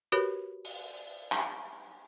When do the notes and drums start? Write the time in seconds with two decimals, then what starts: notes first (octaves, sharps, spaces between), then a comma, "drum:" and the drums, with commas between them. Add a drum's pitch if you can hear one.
0.12 F#4 G4 A#4 B4 C#5 B5
0.65 drum: open hi-hat
1.32 drum: clap